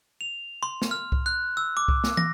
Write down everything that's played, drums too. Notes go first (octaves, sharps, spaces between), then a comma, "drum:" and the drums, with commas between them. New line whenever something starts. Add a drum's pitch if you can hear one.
F7
C6
drum: snare
F6
drum: kick C2
F#6
E6
D6
drum: kick C2
drum: snare
A#6, drum: tom